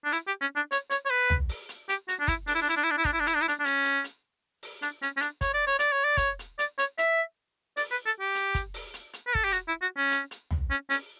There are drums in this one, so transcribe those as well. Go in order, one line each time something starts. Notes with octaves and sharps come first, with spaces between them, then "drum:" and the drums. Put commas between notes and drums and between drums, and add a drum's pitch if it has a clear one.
D4
E4, drum: hi-hat
G4
C#4
D4
C#5, drum: hi-hat
C#5, drum: hi-hat
C#5
B4
drum: tom
drum: open hi-hat
drum: hi-hat
G4, drum: hi-hat
F#4, drum: hi-hat
D4
E4, drum: kick, hi-hat
D4, drum: open hi-hat
E4
D4
E4, drum: hi-hat
D4
E4
D4
E4
D4, drum: kick, hi-hat
E4
D4
E4, drum: hi-hat
D4
E4
D4, drum: hi-hat
D4
C#4, drum: hi-hat
drum: hi-hat
drum: hi-hat
drum: open hi-hat
D4, drum: hi-hat
C#4, drum: hi-hat
C#4
D4, drum: hi-hat
C#5, drum: kick, hi-hat
D5
C#5
D5, drum: hi-hat
C#5
D5
C#5, drum: kick, hi-hat
drum: hi-hat
D5, drum: hi-hat
C#5, drum: hi-hat
E5, drum: hi-hat
D5, drum: open hi-hat
B4
A4
G4
drum: hi-hat
drum: kick, hi-hat
drum: open hi-hat
drum: hi-hat
drum: hi-hat
B4
A4, drum: kick
G4
F#4, drum: hi-hat
E4
F#4
C#4
drum: hi-hat
drum: hi-hat
drum: tom
C#4
C#4, drum: open hi-hat